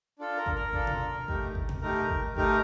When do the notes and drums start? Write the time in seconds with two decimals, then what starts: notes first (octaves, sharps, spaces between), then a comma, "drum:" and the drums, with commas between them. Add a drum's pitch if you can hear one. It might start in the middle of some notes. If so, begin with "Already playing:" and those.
0.19 D4 F4 A4
0.37 A#4
0.46 drum: kick G#1
0.56 A#4
0.73 D4 F4 A4, drum: kick G#1
0.87 drum: tom B2
1.28 A3 D#4 G4, drum: kick G#1
1.55 drum: kick G#1
1.69 drum: tom B2
1.82 A3 D#4 G4 A#4
2.10 drum: kick G#1
2.37 A3 D#4 G4 A#4, drum: kick G#1